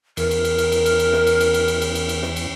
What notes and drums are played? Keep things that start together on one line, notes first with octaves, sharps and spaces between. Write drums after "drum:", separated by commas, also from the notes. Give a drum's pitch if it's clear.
E2 A#4, drum: cymbal
drum: cymbal
drum: cymbal
drum: cymbal
drum: cymbal
drum: cymbal
drum: cymbal
drum: snare
drum: cymbal
drum: cymbal
drum: cymbal
drum: cymbal
drum: cymbal
drum: cymbal
drum: cymbal
drum: snare
drum: cymbal